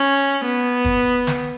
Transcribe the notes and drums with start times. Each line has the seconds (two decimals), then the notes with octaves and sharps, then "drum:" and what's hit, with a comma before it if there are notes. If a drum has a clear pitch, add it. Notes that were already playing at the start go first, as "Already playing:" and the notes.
Already playing: C#4
0.45 B3
0.85 drum: kick
1.27 drum: snare